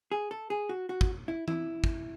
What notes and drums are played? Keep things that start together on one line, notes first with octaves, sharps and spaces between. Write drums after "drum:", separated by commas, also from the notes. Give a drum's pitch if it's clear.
G#4
A4
G#4
F#4
F#4
drum: kick
E4
E4, drum: tom E3
drum: kick